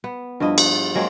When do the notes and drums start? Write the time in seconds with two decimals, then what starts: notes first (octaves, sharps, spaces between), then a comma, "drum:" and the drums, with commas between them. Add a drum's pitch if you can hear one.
0.04 B3
0.40 G2 F3 E4 D#5
0.58 drum: cymbal
0.95 F#3 G#3 A#3 C4